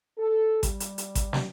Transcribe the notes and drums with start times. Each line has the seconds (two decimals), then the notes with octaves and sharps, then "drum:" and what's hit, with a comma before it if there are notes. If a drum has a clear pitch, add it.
0.18 A4
0.63 G3, drum: kick G#1, hi-hat
0.80 drum: hi-hat
0.98 drum: hi-hat
1.15 drum: kick G#1, hi-hat
1.33 drum: snare